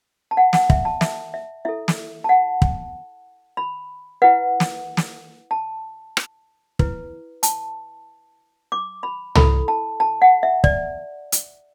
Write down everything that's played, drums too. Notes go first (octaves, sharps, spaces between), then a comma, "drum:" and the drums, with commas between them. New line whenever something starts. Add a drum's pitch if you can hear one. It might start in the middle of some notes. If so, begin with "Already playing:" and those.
A5
F#5
F#5, drum: snare
E5, drum: kick
A5
E5, drum: snare
E5
E4 A4 E5
drum: snare
A5
F#5
drum: kick
B5
E4 B4 F#5
drum: snare
drum: snare
A5
drum: rim click
E4 B4, drum: kick
A5, drum: hi-hat
D6
B5
E4 A4 B5, drum: tom
A5
A5
F#5
E5
D5, drum: kick
drum: hi-hat